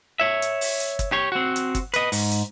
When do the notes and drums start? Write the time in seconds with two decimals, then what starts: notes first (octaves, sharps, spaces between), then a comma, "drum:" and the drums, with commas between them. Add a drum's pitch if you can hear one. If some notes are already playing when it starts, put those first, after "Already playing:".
0.20 C#5 E5
0.42 drum: hi-hat
0.61 drum: open hi-hat
0.80 drum: hi-hat
0.99 drum: kick, hi-hat
1.12 G4 C#5
1.32 C4 F#4
1.56 drum: hi-hat
1.75 drum: kick, hi-hat
1.94 B4 D#5, drum: hi-hat
2.12 G#2, drum: open hi-hat
2.31 drum: hi-hat